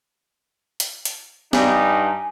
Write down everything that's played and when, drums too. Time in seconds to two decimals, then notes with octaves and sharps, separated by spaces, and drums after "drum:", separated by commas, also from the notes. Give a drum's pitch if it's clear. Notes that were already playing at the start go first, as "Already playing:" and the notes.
0.80 drum: hi-hat
1.05 drum: hi-hat
1.53 G2 G3 D#4 G#5, drum: snare